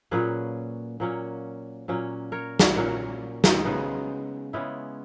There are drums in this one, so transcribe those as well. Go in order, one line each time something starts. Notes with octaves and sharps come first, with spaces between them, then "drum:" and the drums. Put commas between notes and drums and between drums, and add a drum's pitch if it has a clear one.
A#2 F#3 A#3 C#4 G#4 B4
A#2 F#3 A#3 C#4
A#2 F#3 A#3 C#4
A#4 C#5
drum: snare
A#2 F#3 A#3 C#4 F#4 A#4
D#4, drum: snare
C#3 G#3 B3 D#4
C#3 G#3 B3 C#4 E4